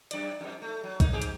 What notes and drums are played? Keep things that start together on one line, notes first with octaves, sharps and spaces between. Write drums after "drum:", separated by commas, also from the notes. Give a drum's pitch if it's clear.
F#2 D5, drum: hi-hat
F2 G#2
A3
F#3
A#3 D#4, drum: kick B1, hi-hat
G#2 G4 G#4
drum: hi-hat